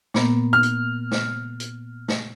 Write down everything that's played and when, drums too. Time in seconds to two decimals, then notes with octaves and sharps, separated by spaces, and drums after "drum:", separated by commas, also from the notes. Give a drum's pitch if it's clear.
0.14 A#2 A#3 B3, drum: snare
0.53 F6
0.63 drum: hi-hat
1.11 drum: snare
1.60 drum: hi-hat
2.08 drum: snare